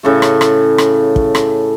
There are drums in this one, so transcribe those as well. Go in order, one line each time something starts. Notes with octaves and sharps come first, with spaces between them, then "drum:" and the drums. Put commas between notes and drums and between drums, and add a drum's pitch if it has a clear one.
A2 C#3 A3
drum: rim click
drum: rim click
drum: rim click
drum: kick
drum: rim click